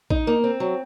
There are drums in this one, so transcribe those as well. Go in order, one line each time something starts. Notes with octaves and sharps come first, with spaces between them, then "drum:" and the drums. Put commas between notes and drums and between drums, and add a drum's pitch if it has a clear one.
D#4, drum: kick
A#3
C4
F#3